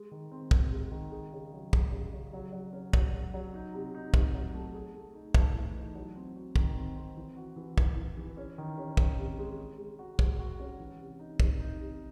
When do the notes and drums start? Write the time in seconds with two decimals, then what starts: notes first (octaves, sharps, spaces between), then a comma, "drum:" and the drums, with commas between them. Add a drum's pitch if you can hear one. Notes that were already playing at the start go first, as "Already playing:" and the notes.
Already playing: G#3
0.11 D#3
0.32 C4
0.51 F#4, drum: kick
0.72 G#3
0.91 D#3
1.12 G#4
1.33 C#3
1.53 F#3
1.73 G#4, drum: kick
1.92 C#3
2.13 C#3
2.33 F#3
2.53 F#3
2.73 C#4
2.93 F#3, drum: kick
3.14 F#3
3.34 F#3
3.54 D#4
3.74 C3
3.94 D#4
4.14 C3, drum: kick
4.34 F#3
4.54 A3
4.75 G#4
4.94 A3
5.14 D#4
5.35 A3, drum: kick
5.55 E3
5.76 D#4
5.95 F#3
6.16 C4
6.36 F#4
6.56 D#3, drum: kick
6.76 C4
6.96 C4
7.17 E3
7.37 F#4
7.56 E3
7.78 E3, drum: kick
7.96 E3
8.17 E3
8.37 C#4
8.58 D#3
8.78 C#4
8.97 C#4, drum: kick
9.18 C3
9.38 G#3
9.59 G#3
9.78 G#3
9.99 F#4
10.19 G#3, drum: kick
10.39 F#4
10.60 C#4
10.80 E3
11.00 C3
11.19 D#4
11.40 C3, drum: kick
11.60 D#4
11.80 C3